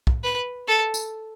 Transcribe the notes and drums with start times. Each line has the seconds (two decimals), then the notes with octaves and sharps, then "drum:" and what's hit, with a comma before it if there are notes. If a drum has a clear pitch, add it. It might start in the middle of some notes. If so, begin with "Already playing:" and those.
0.07 drum: kick
0.24 B4
0.68 A4
0.94 drum: tambourine